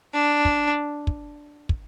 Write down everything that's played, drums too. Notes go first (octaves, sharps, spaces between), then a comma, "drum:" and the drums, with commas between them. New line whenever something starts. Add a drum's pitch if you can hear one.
D4
drum: kick
drum: kick
drum: kick